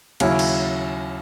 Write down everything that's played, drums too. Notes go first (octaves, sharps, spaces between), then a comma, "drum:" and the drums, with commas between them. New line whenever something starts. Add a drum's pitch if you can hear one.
D#2 C#3 F#3 C#4 E4, drum: cymbal
drum: cymbal